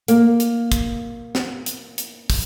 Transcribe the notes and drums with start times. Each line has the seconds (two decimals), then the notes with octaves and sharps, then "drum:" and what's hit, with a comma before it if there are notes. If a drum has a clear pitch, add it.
0.08 A#3, drum: hi-hat
0.40 drum: hi-hat
0.72 drum: kick, hi-hat
1.35 drum: snare
1.66 drum: hi-hat
1.98 drum: hi-hat
2.30 drum: kick, open hi-hat